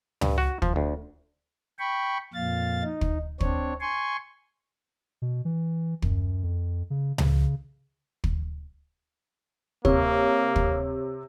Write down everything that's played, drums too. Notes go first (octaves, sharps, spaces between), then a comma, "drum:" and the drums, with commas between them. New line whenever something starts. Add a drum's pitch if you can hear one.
G2, drum: tom C#2
F#4
F3, drum: kick
D2
G5 B5 C#6
F2 A#2 F5 A6
D#4
drum: kick
C4 D4 C#5, drum: kick
G#5 C6 C#6
B2
E3
F#2, drum: kick
F2
C#3
C#3, drum: tom C#2
drum: kick
C3 A#3 C#5, drum: kick
drum: kick